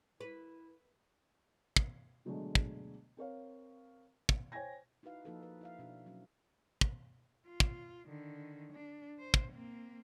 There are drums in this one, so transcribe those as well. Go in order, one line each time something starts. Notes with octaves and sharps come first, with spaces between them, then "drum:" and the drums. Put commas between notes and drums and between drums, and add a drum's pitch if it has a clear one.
E4 B4
drum: kick
B2 D3 F#3 G#3 A3 D4
drum: kick
C4 A#4 C#5 F5
drum: kick
C5 C#5 G5 G#5 G#6 A#6
D#4 E4 F#4 B4 F5
F3 A#3 D#4 F#4 A4 B4
B4
E4 E5 F5
B2 D4 F#4
F#3 C#4
drum: kick
F4
drum: kick
D3 D#3
D4
C5
drum: kick
A#3 C4